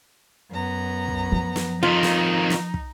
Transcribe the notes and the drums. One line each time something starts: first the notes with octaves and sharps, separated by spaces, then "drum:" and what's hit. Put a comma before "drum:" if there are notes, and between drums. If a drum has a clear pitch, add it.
F#2 B3 A#5
drum: kick
F3
drum: snare
F2 D#3 D#4 F4
drum: snare
drum: snare
drum: kick